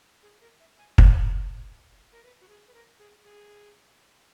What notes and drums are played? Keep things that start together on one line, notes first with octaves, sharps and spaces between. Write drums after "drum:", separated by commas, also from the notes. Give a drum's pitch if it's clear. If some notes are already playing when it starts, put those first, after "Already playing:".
G#4
A#4
E5
G#5
G#5, drum: kick
A#4
B4
F#4
G#4
B4
A#4
G#4
G#4